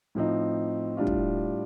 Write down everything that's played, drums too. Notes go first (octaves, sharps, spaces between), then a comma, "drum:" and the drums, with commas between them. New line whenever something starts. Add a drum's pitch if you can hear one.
A2 F3 C4 D#4
A2 G3 D4 F4
drum: kick